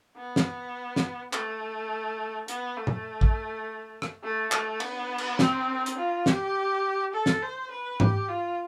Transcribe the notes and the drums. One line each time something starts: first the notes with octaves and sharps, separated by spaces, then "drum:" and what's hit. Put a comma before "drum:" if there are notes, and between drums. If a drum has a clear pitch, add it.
B3
drum: snare
drum: snare
A3, drum: clap
B3, drum: hi-hat
A3
drum: tom
drum: kick
drum: rim click
A3
A3, drum: clap
B3, drum: cymbal
drum: cymbal
C4, drum: snare
drum: hi-hat
F4
G4, drum: snare
A4
drum: snare
C5
B4
G4, drum: tom G#2
F4